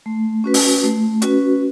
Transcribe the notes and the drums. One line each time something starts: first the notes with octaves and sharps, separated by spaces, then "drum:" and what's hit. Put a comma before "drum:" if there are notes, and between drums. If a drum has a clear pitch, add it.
A3
C#4 F#4 B4
drum: open hi-hat
A3
C#4 F#4 B4, drum: hi-hat